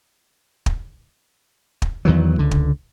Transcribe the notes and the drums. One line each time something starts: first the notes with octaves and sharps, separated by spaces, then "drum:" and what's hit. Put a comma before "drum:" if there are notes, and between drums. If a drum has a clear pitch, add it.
drum: kick
drum: kick
E2 D#3 E3 F#3
C#2 D3
drum: kick